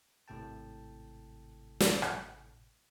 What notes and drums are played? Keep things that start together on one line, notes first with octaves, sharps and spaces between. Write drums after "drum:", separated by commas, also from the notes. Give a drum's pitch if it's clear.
G#1 A2 C3 A4 G5 A5
drum: snare
drum: rim click